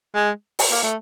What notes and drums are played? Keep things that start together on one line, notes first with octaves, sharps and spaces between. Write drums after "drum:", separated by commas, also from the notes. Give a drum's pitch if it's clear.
G#3
drum: open hi-hat
A#3
A3